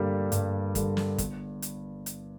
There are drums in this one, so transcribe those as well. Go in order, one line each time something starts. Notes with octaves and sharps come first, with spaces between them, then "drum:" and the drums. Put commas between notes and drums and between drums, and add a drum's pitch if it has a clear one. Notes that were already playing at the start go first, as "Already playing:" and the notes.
Already playing: G2 D3 G3 A#3
G2, drum: hi-hat
D3 G3 A#3, drum: kick, hi-hat
drum: snare
G1, drum: kick, hi-hat
drum: hi-hat
drum: hi-hat